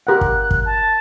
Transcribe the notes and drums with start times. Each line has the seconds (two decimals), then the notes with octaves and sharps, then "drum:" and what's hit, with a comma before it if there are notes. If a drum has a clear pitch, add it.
0.07 G4 A#4 F#5 F#6
0.21 drum: kick
0.51 drum: kick
0.65 A5